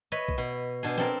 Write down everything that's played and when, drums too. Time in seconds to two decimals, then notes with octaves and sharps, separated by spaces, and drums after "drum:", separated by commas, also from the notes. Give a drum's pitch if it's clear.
0.12 B4 C#5 D#5 E5
0.28 drum: kick A#1
0.38 B2
0.83 B2 D4 G#4
0.98 C4 A4 A#4, drum: snare